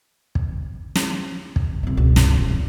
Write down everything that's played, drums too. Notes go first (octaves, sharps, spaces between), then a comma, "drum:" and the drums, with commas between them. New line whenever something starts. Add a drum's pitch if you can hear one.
drum: kick
drum: snare
drum: kick
C2 A3
C#2 B2
G2, drum: snare
E1 E2
D3